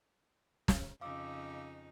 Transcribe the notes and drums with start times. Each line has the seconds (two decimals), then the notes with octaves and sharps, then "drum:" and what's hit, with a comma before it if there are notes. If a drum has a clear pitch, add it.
0.68 drum: snare
1.01 F2 C#3 D#4 F5 D6 E6